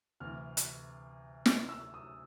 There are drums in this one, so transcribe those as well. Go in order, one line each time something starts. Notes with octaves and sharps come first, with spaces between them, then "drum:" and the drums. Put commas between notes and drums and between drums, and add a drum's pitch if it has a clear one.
D2 C3 E3 F6
drum: hi-hat
drum: snare
E6
D#6